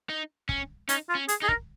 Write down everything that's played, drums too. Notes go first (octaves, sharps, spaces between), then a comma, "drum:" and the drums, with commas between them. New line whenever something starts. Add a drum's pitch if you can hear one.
D#4
C#4, drum: kick
C#4 D#4, drum: hi-hat
F4
C#4
G#4, drum: hi-hat
D#4 G#4
A#4, drum: kick